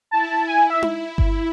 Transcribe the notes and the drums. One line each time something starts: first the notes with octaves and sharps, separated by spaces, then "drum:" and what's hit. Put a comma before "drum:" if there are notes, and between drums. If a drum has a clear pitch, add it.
E4 A5
E4 G#5
E5
drum: tom D#4
drum: kick G1